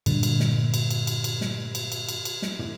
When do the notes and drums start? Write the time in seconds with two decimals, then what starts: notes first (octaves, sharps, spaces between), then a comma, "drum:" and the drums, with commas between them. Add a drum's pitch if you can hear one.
0.06 G2 A#2 D3, drum: cymbal
0.23 drum: cymbal
0.40 drum: snare
0.74 drum: cymbal
0.91 drum: cymbal
1.07 drum: cymbal
1.24 drum: cymbal
1.41 drum: snare
1.75 drum: cymbal
1.92 drum: cymbal
2.09 drum: cymbal
2.25 drum: cymbal
2.42 drum: snare
2.59 drum: tom